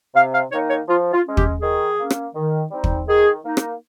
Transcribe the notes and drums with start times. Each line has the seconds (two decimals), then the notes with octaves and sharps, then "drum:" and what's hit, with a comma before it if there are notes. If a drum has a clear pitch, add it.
0.15 C3 F5
0.34 F5
0.52 D#3 A#3 D#4 C#5
0.70 C#5
0.88 F3 F4
1.13 F4
1.25 G#3 C#4
1.37 G4, drum: kick
1.62 D#3 G#4
1.99 A#3 C#4
2.10 drum: rim click
2.35 D#3
2.71 G3 C4 D#4
2.84 drum: kick
3.08 D#3 G#4
3.44 A#3 D#4
3.57 drum: rim click